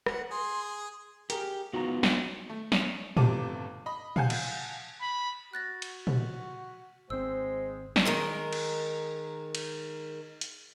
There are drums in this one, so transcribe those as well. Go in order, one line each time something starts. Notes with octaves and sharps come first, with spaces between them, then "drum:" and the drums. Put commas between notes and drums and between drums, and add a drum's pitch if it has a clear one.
F#5, drum: rim click
G#4 C6
G4 G#4 A#4, drum: hi-hat
B3 D#4 F4 F#4 A#5
drum: snare
A3
drum: snare
G1 C3 A3 A5 D6 D#7, drum: tom
D#5 B5
F5 F#5 G#5 A5 G6, drum: tom
drum: cymbal
B5
F#4 F#6 A6 A#6
drum: cymbal
drum: tom
G#1 G#3 C4 C5 E6
drum: snare
D#3 G#3 A#4
drum: cymbal
drum: cymbal
drum: hi-hat